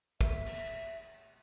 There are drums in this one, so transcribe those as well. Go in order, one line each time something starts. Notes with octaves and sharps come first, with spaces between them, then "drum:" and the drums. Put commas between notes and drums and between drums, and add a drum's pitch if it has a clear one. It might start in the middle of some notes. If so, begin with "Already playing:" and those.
E5, drum: kick
drum: cymbal